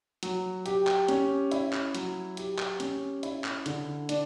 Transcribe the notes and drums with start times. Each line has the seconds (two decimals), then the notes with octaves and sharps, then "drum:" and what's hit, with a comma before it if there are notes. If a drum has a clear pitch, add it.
0.23 F#3, drum: hi-hat
0.66 G4, drum: hi-hat
0.87 drum: clap
1.08 C#4, drum: hi-hat
1.51 E4, drum: hi-hat
1.73 drum: clap
1.95 F#3, drum: hi-hat
2.37 G4, drum: hi-hat
2.59 drum: clap
2.80 C#4, drum: hi-hat
3.23 E4, drum: hi-hat
3.44 drum: clap
3.66 D3, drum: hi-hat
4.09 D4, drum: hi-hat